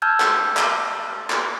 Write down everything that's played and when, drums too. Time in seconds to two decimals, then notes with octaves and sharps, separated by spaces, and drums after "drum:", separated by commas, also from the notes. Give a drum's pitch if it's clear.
0.02 A5 E6 F6 G6 G#6
0.20 drum: clap
0.57 drum: clap
1.30 drum: clap